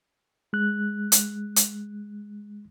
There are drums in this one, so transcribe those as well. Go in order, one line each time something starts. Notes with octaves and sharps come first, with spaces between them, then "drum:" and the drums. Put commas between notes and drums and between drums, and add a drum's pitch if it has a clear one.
G#3 F#6
drum: hi-hat
drum: hi-hat